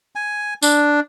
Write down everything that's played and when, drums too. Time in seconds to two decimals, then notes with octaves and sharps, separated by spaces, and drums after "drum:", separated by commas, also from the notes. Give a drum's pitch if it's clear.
0.15 G#5
0.62 D4, drum: tambourine